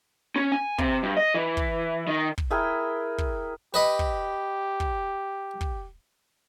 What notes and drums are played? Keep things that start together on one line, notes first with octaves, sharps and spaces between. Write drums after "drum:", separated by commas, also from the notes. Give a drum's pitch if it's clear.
C#4
G#5
C3, drum: kick
G2
D#5
E3
drum: kick
D#3
drum: kick
E4 G#4 A#4 G5
drum: kick
G4 B4 D#5 B5
drum: kick
drum: kick
drum: kick